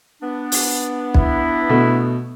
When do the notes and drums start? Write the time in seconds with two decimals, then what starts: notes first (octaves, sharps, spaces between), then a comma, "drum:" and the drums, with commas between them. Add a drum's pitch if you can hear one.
0.22 B3 D4
0.52 drum: open hi-hat
1.14 E4, drum: kick B1
1.69 B2 A3